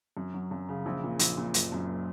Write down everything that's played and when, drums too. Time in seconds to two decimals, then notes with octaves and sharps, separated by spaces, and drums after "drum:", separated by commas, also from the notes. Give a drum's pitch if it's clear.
0.17 F#2
0.34 F#3
0.51 F#2
0.69 C#3
0.86 A#1
1.03 A#2
1.19 A#1, drum: hi-hat
1.37 A#2
1.54 F#1, drum: hi-hat
1.72 F#2